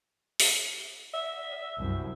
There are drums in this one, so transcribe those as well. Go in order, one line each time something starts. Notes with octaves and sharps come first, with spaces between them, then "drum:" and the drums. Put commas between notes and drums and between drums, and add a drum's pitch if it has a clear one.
drum: open hi-hat
E5
C2 F#2